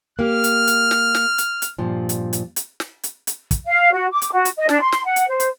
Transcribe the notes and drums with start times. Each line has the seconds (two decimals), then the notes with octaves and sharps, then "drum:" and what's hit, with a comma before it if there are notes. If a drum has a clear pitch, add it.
0.19 A#3 G4 F6
0.44 drum: hi-hat
0.67 drum: hi-hat
0.91 drum: snare
1.15 drum: snare
1.38 drum: hi-hat
1.62 drum: hi-hat
1.78 G2 A#2 F3
2.09 drum: hi-hat
2.33 drum: hi-hat
2.56 drum: hi-hat
2.80 drum: snare
3.03 drum: hi-hat
3.27 drum: hi-hat
3.51 drum: kick, hi-hat
3.67 F5
3.92 F#4
4.12 D6
4.22 drum: hi-hat
4.32 F#4
4.45 drum: hi-hat
4.57 D#5
4.69 D4, drum: snare
4.81 C6
4.92 drum: snare
5.05 F#5
5.16 drum: hi-hat
5.28 C5
5.40 drum: hi-hat